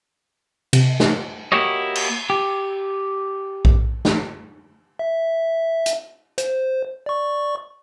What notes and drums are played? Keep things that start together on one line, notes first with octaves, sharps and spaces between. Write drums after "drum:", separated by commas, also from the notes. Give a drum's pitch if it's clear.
C3, drum: cymbal
drum: snare
A#3 E4 F#4 G4 C#5 D#5
drum: cymbal
G4
drum: kick A#1
drum: snare
E5
drum: hi-hat
C5, drum: hi-hat
D5 C#6